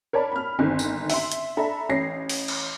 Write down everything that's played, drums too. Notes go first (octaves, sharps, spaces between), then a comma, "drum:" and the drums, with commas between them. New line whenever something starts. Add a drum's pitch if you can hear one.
A#4 C#5 D5 A5 B5
B5 F6
G1 D3 D#3 C4
drum: tambourine
E5 C6, drum: open hi-hat
drum: hi-hat
D4 A4 E5 A#5 B5
A1 C#5 A#6 C7
drum: open hi-hat
drum: cymbal